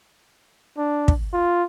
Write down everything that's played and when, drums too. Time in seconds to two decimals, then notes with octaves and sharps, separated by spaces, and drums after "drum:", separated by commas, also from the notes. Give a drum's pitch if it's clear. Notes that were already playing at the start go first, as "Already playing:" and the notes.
0.77 D4
1.08 drum: kick
1.33 F4